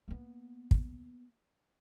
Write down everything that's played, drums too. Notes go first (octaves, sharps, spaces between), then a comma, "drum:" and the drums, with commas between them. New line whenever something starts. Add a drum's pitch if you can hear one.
A#3 B3
drum: kick